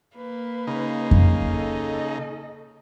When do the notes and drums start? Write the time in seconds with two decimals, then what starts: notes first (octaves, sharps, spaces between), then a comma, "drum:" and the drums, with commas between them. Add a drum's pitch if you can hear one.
0.17 A#3 B4
0.67 C#3 D#4
1.11 drum: kick F2
1.50 A4 D#5